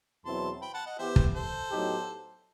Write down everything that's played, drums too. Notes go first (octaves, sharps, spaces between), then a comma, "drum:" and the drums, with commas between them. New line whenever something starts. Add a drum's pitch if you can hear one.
E2 B2 F#3 C4 E4 A5 C6
G5 B5
F#5 A5
D#5 F#5
E3 B3 E4 G4 C5 E5
drum: kick
A4 C5
A2 F#3 B3 D#4 G4